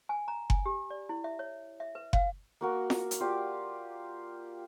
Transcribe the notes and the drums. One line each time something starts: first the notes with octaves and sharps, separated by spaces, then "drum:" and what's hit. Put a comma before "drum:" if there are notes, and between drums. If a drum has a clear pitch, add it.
G#5
A#5
G#5, drum: kick F#1
G4
D5
E4
E5
C#5
E5
B4
F5, drum: kick F#1
A#3 F#4 A#4
drum: snare F4
drum: hi-hat
F4 G4 D5